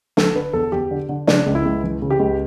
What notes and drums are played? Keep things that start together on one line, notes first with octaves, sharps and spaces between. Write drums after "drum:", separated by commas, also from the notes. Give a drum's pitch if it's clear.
D3 A4, drum: snare
D3 B4
E2 A4
E2 G4
D3
D3
C#3 D4, drum: snare
C#2
E4
C#2
E3
C#3
G4
C#2